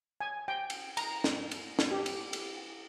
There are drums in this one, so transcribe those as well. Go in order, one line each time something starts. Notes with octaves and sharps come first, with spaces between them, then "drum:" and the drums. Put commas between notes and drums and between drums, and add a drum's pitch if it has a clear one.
G#5
G5
drum: cymbal
A#5, drum: cymbal
drum: snare
drum: cymbal
drum: snare
G4
drum: cymbal
drum: cymbal